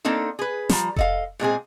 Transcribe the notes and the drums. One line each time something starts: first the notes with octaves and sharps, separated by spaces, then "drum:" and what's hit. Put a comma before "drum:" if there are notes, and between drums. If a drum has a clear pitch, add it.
A#3 C4 D4 D#4 A4
G#4 B4
F3 G3 A#5, drum: snare
A4 D#5 F5, drum: kick F1
A#2 G#3 C4 G#4